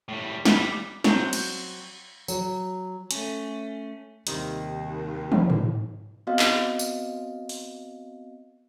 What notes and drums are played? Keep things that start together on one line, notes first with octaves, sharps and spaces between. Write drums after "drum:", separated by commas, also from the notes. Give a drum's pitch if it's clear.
A2 G3
G3, drum: snare
F#3 C4, drum: snare
drum: cymbal
F#3, drum: tambourine
A3 C#4, drum: hi-hat
D#2 C3 D#3 G3, drum: hi-hat
drum: tom
drum: tom G#2
B3 C4 F#4 D#5 F5
drum: clap
drum: tambourine
drum: open hi-hat